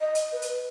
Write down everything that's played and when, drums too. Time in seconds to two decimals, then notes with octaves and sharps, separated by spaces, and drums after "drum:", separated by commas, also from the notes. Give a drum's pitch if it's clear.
0.01 D#5
0.15 drum: hi-hat
0.32 B4
0.42 drum: hi-hat